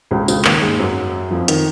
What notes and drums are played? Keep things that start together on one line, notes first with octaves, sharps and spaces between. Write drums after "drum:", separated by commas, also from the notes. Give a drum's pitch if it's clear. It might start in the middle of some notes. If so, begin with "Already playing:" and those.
C#2 C#3
C#2 C#3, drum: tambourine
D#2 D#3, drum: clap
G#2 G#3
F#2 F#3
F2 F3
D#3, drum: hi-hat